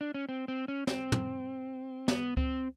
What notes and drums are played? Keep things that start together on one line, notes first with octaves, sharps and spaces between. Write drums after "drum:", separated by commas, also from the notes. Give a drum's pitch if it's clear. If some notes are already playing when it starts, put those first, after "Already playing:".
D4
C#4
C4
C4
C#4
C4, drum: snare
drum: tom
B3, drum: snare
C4, drum: kick C#2